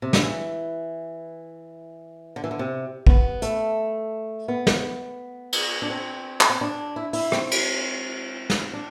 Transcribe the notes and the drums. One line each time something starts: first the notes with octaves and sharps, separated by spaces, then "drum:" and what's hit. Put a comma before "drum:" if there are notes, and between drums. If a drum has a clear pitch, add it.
C3
D3, drum: snare
E3
D3
E3
D3
C3
B3, drum: kick
A3, drum: hi-hat
B3
drum: snare
drum: cymbal
D4
C4
drum: clap
C4
D4
E4
E4, drum: open hi-hat
C4, drum: rim click
drum: cymbal
drum: snare
D4